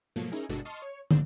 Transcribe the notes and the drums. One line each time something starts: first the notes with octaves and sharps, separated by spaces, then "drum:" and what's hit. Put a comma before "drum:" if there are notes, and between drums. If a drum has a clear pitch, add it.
G#2 B2 F3 F#3 A3 A#3
C#4 D#4 E4 G#4 A#4
G1 B2 G#3 D4 F#4 A4
D#5 A5 C6 C#6 F6
C#5
A#1 G#2 C4 D4, drum: tom